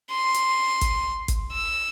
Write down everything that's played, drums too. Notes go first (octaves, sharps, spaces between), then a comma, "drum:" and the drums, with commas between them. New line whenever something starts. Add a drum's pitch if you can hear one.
C6
drum: hi-hat
drum: kick, hi-hat
drum: kick, hi-hat
E6